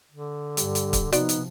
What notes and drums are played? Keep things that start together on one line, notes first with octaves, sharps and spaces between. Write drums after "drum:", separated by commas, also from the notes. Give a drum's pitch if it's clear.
D3
G2 G3, drum: hi-hat
drum: hi-hat
drum: kick, hi-hat
C3 F3 B3 D#4 F#4 D5 C6, drum: hi-hat
drum: hi-hat